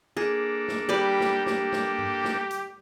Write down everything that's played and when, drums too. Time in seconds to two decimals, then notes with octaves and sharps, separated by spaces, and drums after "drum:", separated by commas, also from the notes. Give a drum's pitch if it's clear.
0.17 A#3 D4 G#4 A4
0.68 drum: snare
0.89 G3 G4 B4 D5
1.20 drum: snare
1.46 G4, drum: snare
1.72 drum: snare
1.98 drum: tom G2
2.24 drum: snare
2.50 drum: hi-hat